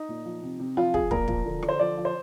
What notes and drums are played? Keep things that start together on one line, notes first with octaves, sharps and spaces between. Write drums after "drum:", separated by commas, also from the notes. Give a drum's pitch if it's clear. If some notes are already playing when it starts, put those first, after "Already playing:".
Already playing: D#4
A#2
F3
C3
C3
F3 F4
F3 G#4, drum: kick
A#2 A#4, drum: kick
F3, drum: kick
D3
D3, drum: rim click
C5
F3 D5
F3
C5